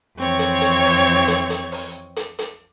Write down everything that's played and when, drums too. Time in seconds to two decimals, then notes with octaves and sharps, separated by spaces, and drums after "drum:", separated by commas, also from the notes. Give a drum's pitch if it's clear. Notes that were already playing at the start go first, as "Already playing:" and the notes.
0.17 F2 E3 C4 C#5 C#6
0.39 drum: hi-hat
0.61 drum: hi-hat
0.83 drum: open hi-hat
1.28 drum: hi-hat
1.50 drum: hi-hat
1.72 drum: open hi-hat
2.16 drum: hi-hat
2.39 drum: hi-hat